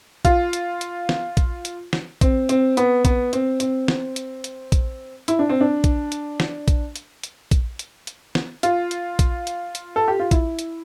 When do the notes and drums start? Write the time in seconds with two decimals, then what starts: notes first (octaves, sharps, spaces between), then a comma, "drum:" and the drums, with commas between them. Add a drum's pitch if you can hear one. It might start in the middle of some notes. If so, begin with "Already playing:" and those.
0.25 F4, drum: kick A#1, hi-hat
0.53 drum: hi-hat
0.81 drum: hi-hat
1.09 drum: snare
1.37 drum: kick A#1, hi-hat
1.65 drum: hi-hat
1.93 drum: snare
2.21 C4, drum: kick A#1, hi-hat
2.49 C4, drum: hi-hat
2.77 B3, drum: hi-hat
3.05 B3, drum: kick A#1, hi-hat
3.33 C4, drum: hi-hat
3.60 C4, drum: hi-hat
3.88 drum: snare
4.16 drum: hi-hat
4.44 drum: hi-hat
4.72 drum: kick A#1, hi-hat
5.28 E4, drum: hi-hat
5.39 D4
5.49 C4
5.61 D4
5.84 drum: kick A#1, hi-hat
6.12 drum: hi-hat
6.40 drum: snare
6.68 drum: kick A#1, hi-hat
6.96 drum: hi-hat
7.23 drum: hi-hat
7.51 drum: kick A#1, hi-hat
7.79 drum: hi-hat
8.07 drum: hi-hat
8.35 drum: snare
8.63 F4, drum: hi-hat
8.91 drum: hi-hat
9.19 drum: kick A#1, hi-hat
9.47 drum: hi-hat
9.75 drum: hi-hat
9.96 A4
10.08 G4
10.20 F4
10.31 E4, drum: kick A#1, hi-hat
10.59 drum: hi-hat